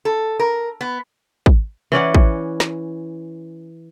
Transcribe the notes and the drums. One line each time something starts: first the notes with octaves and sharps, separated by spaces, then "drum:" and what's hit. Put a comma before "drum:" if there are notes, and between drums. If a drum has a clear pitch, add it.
A4
A#4
B3
drum: kick
E3 C#4 D5 F#5
drum: kick
drum: snare